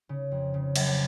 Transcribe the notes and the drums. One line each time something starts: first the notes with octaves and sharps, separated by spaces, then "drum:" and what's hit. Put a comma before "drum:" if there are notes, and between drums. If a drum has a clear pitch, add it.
C#3
F2
C#3
F#3, drum: cymbal